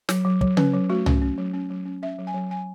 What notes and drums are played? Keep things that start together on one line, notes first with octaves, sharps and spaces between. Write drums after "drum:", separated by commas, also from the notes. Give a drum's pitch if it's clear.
F#3, drum: snare
F#3
F#3, drum: kick
C#4 B4, drum: tom C#3
F#3
A3 F#4
C#4, drum: tom C2
C#4
F#3
C#4
F#3
C#4
C#4 E5
F#3
G#5
F#3
F#3 G#5